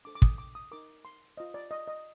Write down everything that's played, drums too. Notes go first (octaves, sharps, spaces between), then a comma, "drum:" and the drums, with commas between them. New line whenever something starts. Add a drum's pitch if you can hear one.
D4 A4 C5 D6
D6
D#6, drum: kick
D6
D#6
D#4 A#4 D6
C6
F4 C5 D#5
D5
D#5
D#5